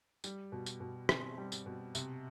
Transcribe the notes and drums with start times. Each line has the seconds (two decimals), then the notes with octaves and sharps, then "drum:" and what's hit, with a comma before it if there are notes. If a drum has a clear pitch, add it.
0.24 G3, drum: tambourine
0.52 B2
0.66 drum: tambourine
0.80 B2
1.09 C4, drum: rim click
1.38 G3
1.52 drum: tambourine
1.66 B2
1.95 C3, drum: tambourine